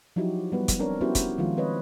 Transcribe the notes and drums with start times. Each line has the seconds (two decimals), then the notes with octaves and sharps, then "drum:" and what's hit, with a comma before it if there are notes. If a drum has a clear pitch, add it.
0.16 F3 F#3 D#4 E4 F#4 G4
0.52 G3 B3 B4
0.68 drum: kick, hi-hat
0.79 C4 D4 A#4 C#5 D5
1.01 B3 C#4 E4 F#4 G4 C5
1.15 drum: kick, hi-hat
1.38 D#3 F3 G#3 F4
1.57 C4 B4 C#5 D#5